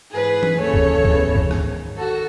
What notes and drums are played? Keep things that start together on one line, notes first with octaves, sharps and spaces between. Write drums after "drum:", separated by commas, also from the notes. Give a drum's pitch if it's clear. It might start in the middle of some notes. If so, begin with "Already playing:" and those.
G#2 E3 G#4 B4
drum: tom E3
D#2 C#3 E3 A4 C#5
drum: kick
E2 C#3 E3, drum: kick
drum: kick
G#2 D#3, drum: rim click
D#3 F#4 A4